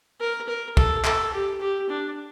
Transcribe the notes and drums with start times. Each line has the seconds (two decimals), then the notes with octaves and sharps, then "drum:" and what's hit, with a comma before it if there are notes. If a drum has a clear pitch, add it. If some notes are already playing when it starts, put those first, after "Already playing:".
0.20 A#4
0.48 A#4
0.77 A4, drum: kick
1.04 A4, drum: clap
1.33 G4
1.61 G4
1.89 D4